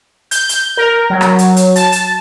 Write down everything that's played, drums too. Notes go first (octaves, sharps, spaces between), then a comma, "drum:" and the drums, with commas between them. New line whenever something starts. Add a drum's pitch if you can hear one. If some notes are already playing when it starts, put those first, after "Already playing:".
G6, drum: hi-hat
drum: hi-hat
A#4
F#3
drum: rim click
drum: hi-hat
drum: hi-hat
A5, drum: hi-hat
drum: hi-hat